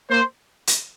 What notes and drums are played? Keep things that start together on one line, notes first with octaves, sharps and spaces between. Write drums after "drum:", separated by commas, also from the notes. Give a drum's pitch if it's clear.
A#3 C5
drum: hi-hat